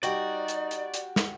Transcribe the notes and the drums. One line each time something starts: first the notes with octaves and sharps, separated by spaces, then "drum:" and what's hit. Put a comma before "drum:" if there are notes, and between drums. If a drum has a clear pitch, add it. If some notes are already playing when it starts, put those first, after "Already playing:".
G3 D#4 F#4 D5 G5 F#7, drum: hi-hat
drum: hi-hat
drum: hi-hat
drum: hi-hat
drum: snare